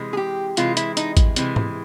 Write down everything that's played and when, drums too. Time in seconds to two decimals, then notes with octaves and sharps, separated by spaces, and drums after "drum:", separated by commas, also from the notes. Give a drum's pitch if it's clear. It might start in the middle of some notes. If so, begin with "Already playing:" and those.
Already playing: C3 E3 G#3
0.13 G#4
0.17 G4
0.57 C3 E3 G#3 F4, drum: hi-hat
0.77 E4, drum: hi-hat
0.97 D#4, drum: hi-hat
1.17 drum: kick G#1, hi-hat
1.36 C3 E3 G#3, drum: hi-hat
1.56 drum: tom